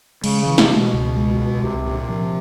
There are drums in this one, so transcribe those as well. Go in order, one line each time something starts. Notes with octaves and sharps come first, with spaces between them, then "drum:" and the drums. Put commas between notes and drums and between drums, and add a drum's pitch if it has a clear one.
C#3 G#3, drum: cymbal
C#3
E3
C3, drum: snare
G#3
B2
C#2
G#3
C#2
C2 C3
A#2
C3
F3